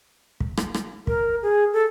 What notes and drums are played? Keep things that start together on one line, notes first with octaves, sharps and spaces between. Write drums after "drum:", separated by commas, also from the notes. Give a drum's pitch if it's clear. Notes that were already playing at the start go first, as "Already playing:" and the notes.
drum: kick
drum: rim click
drum: rim click
A#4, drum: kick
G#4
A4